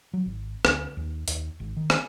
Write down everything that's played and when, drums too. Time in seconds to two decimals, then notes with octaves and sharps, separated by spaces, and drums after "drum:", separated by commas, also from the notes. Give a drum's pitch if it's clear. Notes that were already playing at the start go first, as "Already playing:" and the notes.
0.14 F#3
0.26 G#1
0.65 D2, drum: rim click
0.97 D#2
1.28 D#2, drum: hi-hat
1.60 G#1
1.77 D#3
1.90 drum: rim click